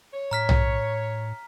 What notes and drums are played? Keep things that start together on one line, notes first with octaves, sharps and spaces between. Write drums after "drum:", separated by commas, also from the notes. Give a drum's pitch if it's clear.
C#5
A2 A#5 F6 B6
drum: tom B1